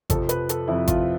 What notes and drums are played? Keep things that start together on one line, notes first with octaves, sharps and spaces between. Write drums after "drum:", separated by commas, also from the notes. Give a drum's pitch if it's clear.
F2 C3 F3 A4, drum: kick G#1, hi-hat
B4, drum: hi-hat
A4, drum: hi-hat
F2 C3 F3 E4
F4, drum: kick G#1, hi-hat